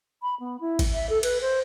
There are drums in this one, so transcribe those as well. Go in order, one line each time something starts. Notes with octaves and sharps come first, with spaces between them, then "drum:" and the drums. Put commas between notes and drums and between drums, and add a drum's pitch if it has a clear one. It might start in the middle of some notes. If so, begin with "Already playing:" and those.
B5
B3
E4
drum: kick, cymbal
E5
A4
B4, drum: cymbal
C5